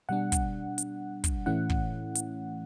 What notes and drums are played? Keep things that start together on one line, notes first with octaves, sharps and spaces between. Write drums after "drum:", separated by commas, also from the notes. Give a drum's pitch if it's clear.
B2 G3 D4 F#5
drum: kick, hi-hat
drum: hi-hat
drum: kick, hi-hat
A2 E3 A3 C#4 E4 F#5
drum: kick
drum: hi-hat